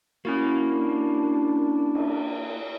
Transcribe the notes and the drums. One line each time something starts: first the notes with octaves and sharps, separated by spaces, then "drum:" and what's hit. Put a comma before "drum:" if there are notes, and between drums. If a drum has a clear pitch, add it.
A#3 C#4 E4 F#4
D4
drum: cymbal